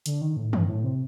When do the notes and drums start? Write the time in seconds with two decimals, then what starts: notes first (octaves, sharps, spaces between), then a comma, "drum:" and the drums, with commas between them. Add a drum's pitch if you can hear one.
0.06 D3, drum: hi-hat
0.21 D#3
0.37 A2
0.53 G2, drum: tom
0.68 A2
0.84 C3